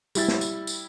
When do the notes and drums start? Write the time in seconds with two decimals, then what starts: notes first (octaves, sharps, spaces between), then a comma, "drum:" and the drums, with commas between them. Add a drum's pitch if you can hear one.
0.15 G3 E4 A6, drum: tambourine
0.28 drum: snare
0.41 drum: tambourine
0.67 drum: tambourine